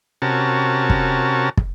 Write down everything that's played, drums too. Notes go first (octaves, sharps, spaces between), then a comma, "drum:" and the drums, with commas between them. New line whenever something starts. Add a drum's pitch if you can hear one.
C3 C#4 F#4 A#4 A5
drum: kick
drum: kick